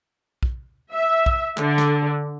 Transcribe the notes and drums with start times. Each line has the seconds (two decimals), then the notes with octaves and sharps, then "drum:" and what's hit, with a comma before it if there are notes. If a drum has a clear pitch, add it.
0.43 drum: kick
0.93 E5
1.26 drum: kick
1.57 D3, drum: clap
1.78 drum: snare